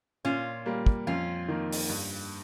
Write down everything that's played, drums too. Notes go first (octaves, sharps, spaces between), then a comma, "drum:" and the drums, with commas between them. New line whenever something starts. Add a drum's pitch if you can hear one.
A#2 C#4 F4
G3 A#3
drum: kick
F2 C#4 F4
D#3 A#3
drum: open hi-hat
G2